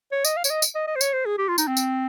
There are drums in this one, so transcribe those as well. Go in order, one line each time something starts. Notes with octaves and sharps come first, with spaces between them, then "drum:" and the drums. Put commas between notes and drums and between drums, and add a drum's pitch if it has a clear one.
C#5
D#5, drum: tambourine
F5
C#5, drum: tambourine
D#5
drum: tambourine
D#5
D#5
C5
C#5, drum: tambourine
C5
G#4
G4
F4
D#4, drum: tambourine
C4
drum: tambourine